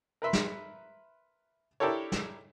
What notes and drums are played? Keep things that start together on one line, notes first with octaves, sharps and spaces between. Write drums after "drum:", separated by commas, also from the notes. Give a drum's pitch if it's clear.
A#4 B4 E5 C6
drum: snare
D4 E4 G4 A4 A#4 C#5
drum: snare